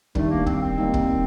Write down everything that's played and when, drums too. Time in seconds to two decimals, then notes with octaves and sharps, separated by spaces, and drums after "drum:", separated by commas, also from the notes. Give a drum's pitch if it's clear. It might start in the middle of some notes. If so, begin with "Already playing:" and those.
0.15 D#3 G3 A3 D4, drum: kick
0.31 A#3
0.47 C4, drum: kick
0.62 C4
0.78 G3 A#3 D#4
0.94 drum: kick